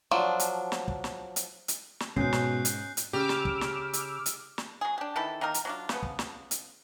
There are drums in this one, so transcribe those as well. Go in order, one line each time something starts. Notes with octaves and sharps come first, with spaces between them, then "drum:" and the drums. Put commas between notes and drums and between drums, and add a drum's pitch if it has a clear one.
F3 F#3 D4
drum: hi-hat
drum: snare
drum: kick
drum: snare
drum: hi-hat
drum: hi-hat
drum: snare
G#2 B2 C#4 F#6 G6 C7, drum: kick
drum: snare
drum: hi-hat
drum: hi-hat
C#3 G4 D6 E6 F6
drum: snare
drum: kick
drum: snare
drum: hi-hat
drum: hi-hat
drum: snare
F#3 G#4
D4 G4
D#3 E3 E4 A4
D#3 A#3 D#4 A#4
drum: hi-hat
F#3 D4 F4
C#3 F3 B3, drum: snare
drum: kick
drum: snare
drum: hi-hat